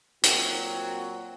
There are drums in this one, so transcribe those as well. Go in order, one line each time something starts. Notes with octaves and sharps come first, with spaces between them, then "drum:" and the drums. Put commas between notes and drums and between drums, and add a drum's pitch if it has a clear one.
A#2 F#3 C4, drum: hi-hat